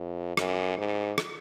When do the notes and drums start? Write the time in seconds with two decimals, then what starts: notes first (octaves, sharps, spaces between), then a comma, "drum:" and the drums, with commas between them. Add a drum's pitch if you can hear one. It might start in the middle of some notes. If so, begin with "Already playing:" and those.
Already playing: F2
0.37 F#2, drum: rim click
0.78 G#2
1.18 drum: rim click